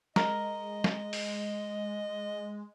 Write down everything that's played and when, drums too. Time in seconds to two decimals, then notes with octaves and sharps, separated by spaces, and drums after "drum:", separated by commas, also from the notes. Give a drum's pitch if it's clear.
0.16 G#3 A#4 D#5, drum: snare
0.84 drum: snare
1.13 drum: open hi-hat